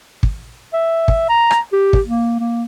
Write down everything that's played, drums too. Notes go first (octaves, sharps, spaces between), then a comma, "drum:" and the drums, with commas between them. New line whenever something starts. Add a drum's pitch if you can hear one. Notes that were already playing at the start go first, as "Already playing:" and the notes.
drum: kick
E5
drum: kick
A#5
drum: rim click
G4
drum: kick
A#3
A#3